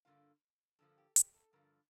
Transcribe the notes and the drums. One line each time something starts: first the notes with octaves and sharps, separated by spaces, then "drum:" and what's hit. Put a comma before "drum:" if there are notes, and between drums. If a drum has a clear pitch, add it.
G2 D3 F3 A#3 F4 F5
G2 D3 F3 A#3 F4 A4
G4
G4, drum: hi-hat
A4
G2 D3 F3 F4 A#4